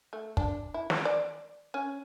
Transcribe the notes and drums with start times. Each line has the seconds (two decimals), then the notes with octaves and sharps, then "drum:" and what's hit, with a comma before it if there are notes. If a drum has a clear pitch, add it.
0.13 A3
0.37 D4, drum: kick
0.74 E4
0.90 drum: snare
1.05 D5
1.74 C#4